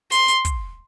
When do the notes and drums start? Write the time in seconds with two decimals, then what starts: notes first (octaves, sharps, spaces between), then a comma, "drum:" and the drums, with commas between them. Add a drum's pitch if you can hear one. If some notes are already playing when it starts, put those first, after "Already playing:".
0.12 C6, drum: hi-hat
0.28 drum: hi-hat
0.45 drum: kick, hi-hat